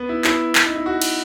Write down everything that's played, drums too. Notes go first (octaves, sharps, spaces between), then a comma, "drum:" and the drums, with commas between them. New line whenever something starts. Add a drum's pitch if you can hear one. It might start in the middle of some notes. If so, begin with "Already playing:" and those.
Already playing: B3
E4
E4, drum: clap
drum: clap
D#4
E4
F#4
drum: cymbal